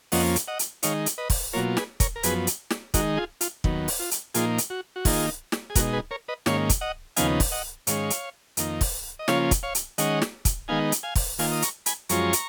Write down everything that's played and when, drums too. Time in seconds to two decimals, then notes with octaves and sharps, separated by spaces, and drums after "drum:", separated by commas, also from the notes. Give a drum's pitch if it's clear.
0.12 F2 F3 A#3 C#4 D#5 F#5, drum: open hi-hat
0.36 drum: hi-hat
0.48 D#5 F#5
0.59 drum: hi-hat
0.83 D#3 G#3 D#4 C#5 F5, drum: hi-hat
1.06 drum: hi-hat
1.18 B4 D#5
1.30 drum: kick, open hi-hat
1.53 B2 F#3 A#3 F4 A#4 C#5
1.77 G#4 B4, drum: snare
2.00 A#4 C#5, drum: kick, hi-hat
2.16 A#4
2.23 F#2 F3 B3 G#4 B4, drum: hi-hat
2.47 drum: hi-hat
2.70 drum: snare
2.94 D#3 G#3 D#4 F#4 A#4, drum: kick, hi-hat
3.17 F4 G#4
3.41 F4, drum: hi-hat
3.64 D#2 D#3 F#3 B3, drum: kick
3.88 drum: open hi-hat
3.99 F4
4.11 drum: hi-hat
4.34 A#2 F3 A#3 D#4 F4 G#4, drum: hi-hat
4.58 drum: hi-hat
4.70 F#4
4.96 F#4
5.05 D#3 A#3 D#4 F4 G#4, drum: kick, open hi-hat
5.52 drum: snare
5.70 G#4
5.75 B2 G#3 D#4 F#4 A#4, drum: kick, hi-hat
5.93 G#4 B4
6.11 A#4 C#5
6.28 B4 D#5
6.46 G#2 D#3 A#3 C#4 C#5 F5, drum: snare
6.69 drum: kick, hi-hat
6.81 D#5 F#5
7.16 D#2 C#3 F3 B3 D#4 F5 G#5, drum: hi-hat
7.40 drum: kick, open hi-hat
7.52 D#5 F#5
7.87 G#2 D#3 G#3 C#4 C#5 F5, drum: hi-hat
8.10 drum: hi-hat
8.57 F2 D#3 A#3 D#4, drum: hi-hat
8.81 drum: kick, open hi-hat
9.19 D#5
9.28 C#3 F3 A#3 C#4 F4 C#5 F5, drum: snare
9.51 drum: kick, hi-hat
9.63 C#5 F5
9.75 drum: hi-hat
9.98 D#3 G#3 C#4 D#5 F#5, drum: hi-hat
10.22 drum: snare
10.45 drum: kick, hi-hat
10.68 D#3 G#3 B3 D#4 F5 G#5
10.92 drum: hi-hat
11.03 F5 G#5
11.15 drum: kick, open hi-hat
11.39 D#3 A#3 F4 F5 G#5, drum: open hi-hat
11.52 D#6
11.62 A#5 C#6, drum: hi-hat
11.86 G#5 B5, drum: hi-hat
12.09 F#2 F3 G#3 C#4 F4 A#5 C#6, drum: hi-hat
12.33 drum: hi-hat